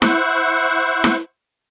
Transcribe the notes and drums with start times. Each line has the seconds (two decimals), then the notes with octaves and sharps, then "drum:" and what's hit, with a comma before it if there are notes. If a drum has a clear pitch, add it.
0.02 E4 C5 F#5 C#6, drum: snare E4
1.04 drum: snare E4